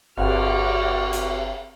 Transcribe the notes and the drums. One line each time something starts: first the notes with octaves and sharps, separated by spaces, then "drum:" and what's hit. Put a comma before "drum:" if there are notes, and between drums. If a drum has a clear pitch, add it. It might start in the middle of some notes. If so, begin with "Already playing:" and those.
G1 C4 F#4 D5 F6 F#6, drum: cymbal
drum: hi-hat